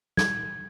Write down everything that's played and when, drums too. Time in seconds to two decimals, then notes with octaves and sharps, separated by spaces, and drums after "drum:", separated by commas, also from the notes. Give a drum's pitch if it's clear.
0.17 G#6, drum: snare